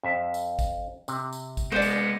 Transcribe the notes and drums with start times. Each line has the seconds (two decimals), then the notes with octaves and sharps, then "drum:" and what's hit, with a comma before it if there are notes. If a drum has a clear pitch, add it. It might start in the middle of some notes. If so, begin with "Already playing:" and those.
0.03 F2 E5
0.34 drum: tambourine
0.59 drum: kick, tambourine
1.08 C3, drum: tambourine
1.33 drum: tambourine
1.57 drum: kick, tambourine
1.72 G#3 B3 C5 D5
1.82 drum: tambourine